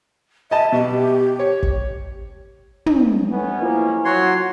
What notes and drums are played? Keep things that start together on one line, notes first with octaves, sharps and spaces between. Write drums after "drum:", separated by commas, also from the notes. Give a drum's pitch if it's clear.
D#5 E5 A5
B2 G4
C#5
drum: kick
drum: tom
A1 F2 B3 C#4
A#3 E4 F4 C5
F#3 F#4 C#5 C6